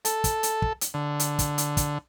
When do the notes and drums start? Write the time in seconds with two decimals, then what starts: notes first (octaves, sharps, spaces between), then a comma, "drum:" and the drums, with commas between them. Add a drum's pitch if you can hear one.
0.05 A4, drum: hi-hat
0.24 drum: kick, hi-hat
0.43 drum: hi-hat
0.62 drum: kick
0.81 drum: hi-hat
0.94 D3
1.20 drum: hi-hat
1.39 drum: kick, hi-hat
1.58 drum: hi-hat
1.77 drum: kick, hi-hat